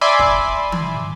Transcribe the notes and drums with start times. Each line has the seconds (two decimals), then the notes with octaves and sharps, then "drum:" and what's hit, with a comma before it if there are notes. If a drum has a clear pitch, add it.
0.01 D5 E5 G#5 B5 C6 D6
0.19 drum: kick
0.72 drum: tom D#3